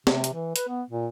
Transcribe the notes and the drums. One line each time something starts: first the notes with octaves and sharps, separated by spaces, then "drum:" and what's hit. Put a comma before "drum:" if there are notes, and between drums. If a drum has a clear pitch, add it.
C3, drum: snare
drum: hi-hat
E3
B4, drum: hi-hat
B3
A#2